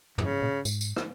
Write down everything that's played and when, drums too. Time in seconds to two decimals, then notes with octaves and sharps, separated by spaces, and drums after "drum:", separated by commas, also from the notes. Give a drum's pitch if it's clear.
0.18 F#2 C#3, drum: tom
0.42 A#2
0.65 G#2, drum: tambourine
0.81 drum: tambourine
0.96 drum: rim click